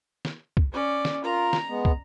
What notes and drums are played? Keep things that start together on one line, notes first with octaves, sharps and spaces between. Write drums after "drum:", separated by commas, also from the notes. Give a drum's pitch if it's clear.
drum: snare
drum: kick
C#4 D5
drum: snare
F4 A#4 A#5
drum: snare
G#3 B3
drum: kick